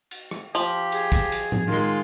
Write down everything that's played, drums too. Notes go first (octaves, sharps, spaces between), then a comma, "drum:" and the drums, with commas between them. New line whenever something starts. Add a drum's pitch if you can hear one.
drum: cymbal
drum: rim click
F3 G4
G#4, drum: cymbal
drum: kick, cymbal
drum: cymbal
drum: tom A2
D#3 G#3 F4